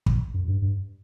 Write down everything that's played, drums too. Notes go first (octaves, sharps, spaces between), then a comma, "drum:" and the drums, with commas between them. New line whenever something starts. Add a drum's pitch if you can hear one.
drum: kick
F#2
G2
G2